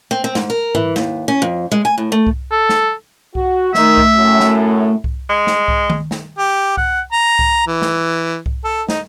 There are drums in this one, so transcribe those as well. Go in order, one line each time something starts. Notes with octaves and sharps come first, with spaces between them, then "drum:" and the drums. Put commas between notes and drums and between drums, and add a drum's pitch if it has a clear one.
C4
C4
G#2, drum: snare
A#4
E3, drum: tom G#2
D#2, drum: snare
C#4
F2
G#3
G#5
A2
A3
drum: kick C2
A4
drum: snare
F#4, drum: kick C2
D#3 A3 E5, drum: snare
drum: kick C2
F#2 A2
drum: snare
drum: kick C2
G#3
drum: snare
drum: kick C2
drum: tom D#3
drum: snare
G4
F#5, drum: kick C2
A#5
drum: kick C2
E3
drum: snare
drum: kick C2
A4
D#4, drum: snare